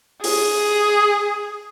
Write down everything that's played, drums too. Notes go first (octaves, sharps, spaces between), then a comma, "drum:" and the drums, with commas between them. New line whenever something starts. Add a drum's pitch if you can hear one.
G#4, drum: open hi-hat